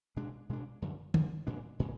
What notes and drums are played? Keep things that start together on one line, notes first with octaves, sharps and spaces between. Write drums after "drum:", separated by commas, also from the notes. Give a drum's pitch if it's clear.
B2 G#3 D4
B2 G#3 D4
F#2 D3 F3
F#2 D3 F3, drum: tom
A#2 G#3 D4
A#2 G#3